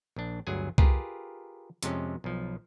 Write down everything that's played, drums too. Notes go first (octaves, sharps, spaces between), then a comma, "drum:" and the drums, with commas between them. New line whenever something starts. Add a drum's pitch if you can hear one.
A#1 D4
G1 D2 F#3 G#4 G#5
F4 G4 G#4 A#4 B4, drum: kick C2
F2 C3 G#3 C#4, drum: hi-hat
B1 F3